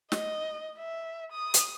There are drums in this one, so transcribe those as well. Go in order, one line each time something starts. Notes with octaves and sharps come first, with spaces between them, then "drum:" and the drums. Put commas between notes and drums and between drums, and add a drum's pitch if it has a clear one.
D#5, drum: snare
E5
D#6
drum: hi-hat